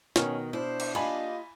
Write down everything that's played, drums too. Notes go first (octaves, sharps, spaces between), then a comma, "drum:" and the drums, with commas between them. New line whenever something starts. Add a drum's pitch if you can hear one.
B2 D#3 C#4 F6, drum: snare
D4 E4 C5
drum: cymbal
A#3 F4 G4 D#5 G#5 B5 F#7